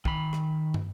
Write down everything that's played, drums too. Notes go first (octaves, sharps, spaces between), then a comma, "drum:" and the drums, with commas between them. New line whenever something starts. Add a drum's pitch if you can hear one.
D#3 B5, drum: kick
drum: rim click
drum: tom